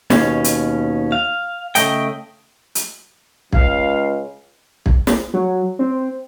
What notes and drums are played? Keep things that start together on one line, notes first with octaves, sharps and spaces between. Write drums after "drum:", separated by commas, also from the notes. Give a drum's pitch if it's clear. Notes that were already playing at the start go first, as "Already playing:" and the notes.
D#2 B2 C#4, drum: snare
drum: hi-hat
F5
C#3 A3 D#5 G5, drum: hi-hat
drum: hi-hat
C#2 F5, drum: kick
drum: kick
drum: snare
F#3
C4